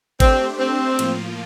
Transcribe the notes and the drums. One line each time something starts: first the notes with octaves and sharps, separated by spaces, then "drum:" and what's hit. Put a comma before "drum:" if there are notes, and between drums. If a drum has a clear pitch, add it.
A3 C4 D4 G4 C5, drum: kick G#1, cymbal
C4
A2 F3 A#3 F4, drum: cymbal